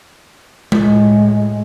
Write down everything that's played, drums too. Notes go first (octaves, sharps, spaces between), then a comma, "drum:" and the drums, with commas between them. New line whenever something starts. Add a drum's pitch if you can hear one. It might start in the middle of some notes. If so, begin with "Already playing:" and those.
A2 G#3, drum: tom G#3